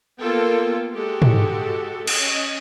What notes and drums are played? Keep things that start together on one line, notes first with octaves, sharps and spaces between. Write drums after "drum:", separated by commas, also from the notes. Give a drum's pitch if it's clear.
A#3 B3 F4 A4 G5
G#3 F#4 G4 A4
drum: tom
C#4 D#5, drum: cymbal